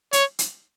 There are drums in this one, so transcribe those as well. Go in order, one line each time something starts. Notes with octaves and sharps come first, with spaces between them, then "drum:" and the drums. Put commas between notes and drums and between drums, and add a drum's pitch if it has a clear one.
C#5, drum: hi-hat
drum: hi-hat